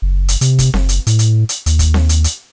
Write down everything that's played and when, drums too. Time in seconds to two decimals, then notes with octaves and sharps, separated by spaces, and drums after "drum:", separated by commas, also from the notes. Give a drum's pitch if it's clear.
0.02 F#1
0.28 drum: hi-hat
0.41 C3, drum: hi-hat
0.59 drum: kick, hi-hat
0.74 F#1, drum: snare C4
0.89 drum: hi-hat
1.07 A2, drum: hi-hat
1.19 drum: hi-hat
1.49 drum: hi-hat
1.66 D#2, drum: hi-hat
1.79 drum: kick, hi-hat
1.94 drum: snare C4
2.09 drum: hi-hat
2.24 drum: hi-hat